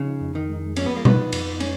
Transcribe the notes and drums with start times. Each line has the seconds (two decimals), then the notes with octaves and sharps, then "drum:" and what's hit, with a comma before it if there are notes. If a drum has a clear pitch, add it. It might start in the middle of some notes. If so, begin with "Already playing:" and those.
Already playing: C#3 F3 D#4
0.21 F2
0.35 D#3
0.49 G#3
0.76 F3 C#4, drum: cymbal
0.86 B3
0.96 A#3
1.05 B3 D#4, drum: tom B2
1.32 F2, drum: cymbal
1.60 G#3 C#4, drum: cymbal